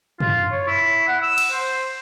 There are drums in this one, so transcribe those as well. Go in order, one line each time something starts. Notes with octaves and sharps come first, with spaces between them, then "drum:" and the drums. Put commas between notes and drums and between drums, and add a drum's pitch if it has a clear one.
F4, drum: tom
C#5
E4
F#5
E6
drum: cymbal
C5